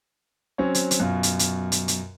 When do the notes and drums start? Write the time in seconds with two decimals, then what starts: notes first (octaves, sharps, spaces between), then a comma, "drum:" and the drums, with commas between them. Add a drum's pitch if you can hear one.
0.58 F#3 C4 C#4 C#5
0.75 drum: hi-hat
0.91 drum: hi-hat
1.00 F#2 B2 F4
1.23 drum: hi-hat
1.39 drum: hi-hat
1.72 drum: hi-hat
1.88 drum: hi-hat